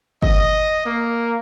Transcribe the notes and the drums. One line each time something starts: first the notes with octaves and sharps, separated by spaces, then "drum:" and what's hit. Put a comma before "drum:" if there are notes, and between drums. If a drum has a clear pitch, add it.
D#5, drum: kick G1
A#3